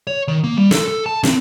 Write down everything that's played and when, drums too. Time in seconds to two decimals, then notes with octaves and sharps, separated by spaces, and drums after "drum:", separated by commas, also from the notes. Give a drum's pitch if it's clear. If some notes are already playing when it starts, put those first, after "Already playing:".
0.07 C#5
0.28 D#3
0.44 A#3
0.57 G3
0.71 A4, drum: snare
0.88 A4
1.06 A5
1.23 C4, drum: snare